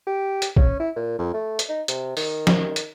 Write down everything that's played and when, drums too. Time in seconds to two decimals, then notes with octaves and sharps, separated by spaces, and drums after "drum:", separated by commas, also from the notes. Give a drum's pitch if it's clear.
0.07 G4
0.42 drum: hi-hat
0.57 C#4, drum: kick
0.79 E4
0.96 A#2
1.19 F2
1.34 A3
1.59 drum: hi-hat
1.69 D#4
1.88 C3, drum: hi-hat
2.17 D#3, drum: open hi-hat
2.47 drum: snare
2.76 drum: hi-hat